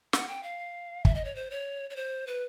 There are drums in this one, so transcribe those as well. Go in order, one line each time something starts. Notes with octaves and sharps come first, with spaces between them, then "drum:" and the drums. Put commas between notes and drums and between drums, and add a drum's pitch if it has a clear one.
F#5, drum: snare
G5
F5
E5, drum: kick
D#5
C#5
C5
C#5
C#5
C5
B4